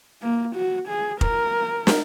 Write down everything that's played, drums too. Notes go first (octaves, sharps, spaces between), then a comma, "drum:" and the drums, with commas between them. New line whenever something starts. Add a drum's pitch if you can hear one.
A#3
F#4
G#4
A#4, drum: kick F1
drum: snare